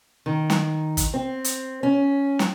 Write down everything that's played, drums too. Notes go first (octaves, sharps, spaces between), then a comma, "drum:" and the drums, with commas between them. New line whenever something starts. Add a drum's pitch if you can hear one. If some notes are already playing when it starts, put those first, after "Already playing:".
D#3
drum: snare
drum: kick, hi-hat
C4
drum: hi-hat
C#4
drum: snare